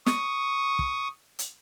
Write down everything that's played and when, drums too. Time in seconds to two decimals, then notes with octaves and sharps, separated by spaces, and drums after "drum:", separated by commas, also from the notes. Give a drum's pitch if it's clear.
0.06 C#6 D#6, drum: snare
0.79 drum: kick
1.39 drum: hi-hat